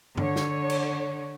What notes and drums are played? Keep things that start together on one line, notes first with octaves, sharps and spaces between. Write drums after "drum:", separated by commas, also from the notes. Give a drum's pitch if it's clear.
D3 C#5, drum: tom G2
drum: snare
drum: cymbal